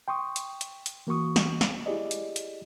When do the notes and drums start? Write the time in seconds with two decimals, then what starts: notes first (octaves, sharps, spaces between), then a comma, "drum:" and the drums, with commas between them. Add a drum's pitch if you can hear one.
0.08 G5 C6 C#6 D#6
0.36 drum: hi-hat
0.61 drum: hi-hat
0.86 drum: hi-hat
1.07 E3 A#3 F#4 C#6 D#6
1.36 drum: snare
1.61 drum: snare
1.86 E4 G4 G#4 D5 D#5
2.11 drum: hi-hat
2.36 drum: hi-hat